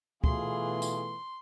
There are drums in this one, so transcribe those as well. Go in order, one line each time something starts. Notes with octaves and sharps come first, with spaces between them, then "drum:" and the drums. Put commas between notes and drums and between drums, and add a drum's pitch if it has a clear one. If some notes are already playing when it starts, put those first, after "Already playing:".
B2 E3 A3 F4 G#4 C6, drum: kick
drum: tambourine